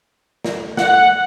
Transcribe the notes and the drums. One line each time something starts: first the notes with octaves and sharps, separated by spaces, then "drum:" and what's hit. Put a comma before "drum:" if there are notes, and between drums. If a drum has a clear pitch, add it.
drum: snare
F#5, drum: snare